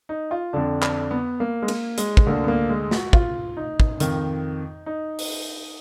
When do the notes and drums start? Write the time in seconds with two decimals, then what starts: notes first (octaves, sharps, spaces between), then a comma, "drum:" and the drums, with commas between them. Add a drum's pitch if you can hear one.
0.09 D#4
0.31 F4
0.53 F2 D3 D4
0.83 D4, drum: clap
1.11 B3
1.40 A#3
1.62 G#3
1.68 A#3, drum: cymbal
1.98 G#3, drum: hi-hat
2.17 drum: kick
2.27 D2 D3 A#3
2.44 B3
2.48 A#3
2.69 G#3
2.91 F#4, drum: snare A3
3.13 F4, drum: kick
3.57 D#4
3.80 drum: kick
4.00 F2 D#3, drum: hi-hat
4.86 D#4
5.19 drum: open hi-hat